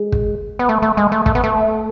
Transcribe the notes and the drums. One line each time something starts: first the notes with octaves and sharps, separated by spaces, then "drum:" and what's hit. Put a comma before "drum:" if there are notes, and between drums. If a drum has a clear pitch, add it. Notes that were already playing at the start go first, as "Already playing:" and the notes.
Already playing: G#3
drum: kick
B3
A3
A3
G#3
A3
A3, drum: kick
B3
A3